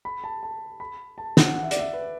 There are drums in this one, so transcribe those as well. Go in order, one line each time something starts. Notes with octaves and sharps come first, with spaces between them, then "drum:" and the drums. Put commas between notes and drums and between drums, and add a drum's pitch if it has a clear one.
B5
A5
A5
B5
A5
F#5, drum: snare
F#5
E5
D5, drum: hi-hat
E5
B4